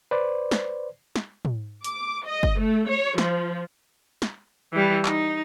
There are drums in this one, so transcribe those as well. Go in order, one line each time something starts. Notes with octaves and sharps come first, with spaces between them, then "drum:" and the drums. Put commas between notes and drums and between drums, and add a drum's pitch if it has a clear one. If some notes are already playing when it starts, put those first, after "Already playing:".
B4 C5 D5
drum: snare
drum: snare
drum: tom
D6, drum: hi-hat
D#5
drum: kick
A3
C#5
F3, drum: snare
drum: snare
E3 G3
D#4, drum: clap